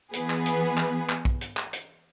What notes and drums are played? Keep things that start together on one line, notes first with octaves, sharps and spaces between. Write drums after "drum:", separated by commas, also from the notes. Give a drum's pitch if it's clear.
E3 B3 G#4 B4, drum: hi-hat
drum: clap
drum: hi-hat
drum: clap
drum: clap
drum: kick
drum: hi-hat
drum: clap
drum: hi-hat